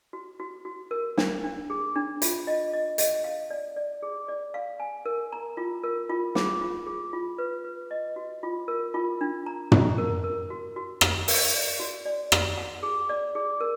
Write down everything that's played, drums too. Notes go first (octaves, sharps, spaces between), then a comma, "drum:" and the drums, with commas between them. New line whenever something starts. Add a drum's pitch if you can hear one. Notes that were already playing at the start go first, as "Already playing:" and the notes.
F#4
F#4
F#4
A#4
D4, drum: snare
D4
G#4
D4
F4, drum: hi-hat
D#5
D#5
D#5, drum: hi-hat
F5
D5
D5
G#4
D5
F5
G#5
A#4
A#5
F4
A#4
F4
G#4, drum: snare
F4
G#4
F4
B4
B4
D#5
F#4
F4
A#4
F4
D4
A#5
A#5, drum: tom
A#4
A#4
F#4
F#4
F#4, drum: rim click
A#4, drum: open hi-hat
D5
F#4
D5
F#4, drum: rim click
F#5
G#4
D5
G#4
A#4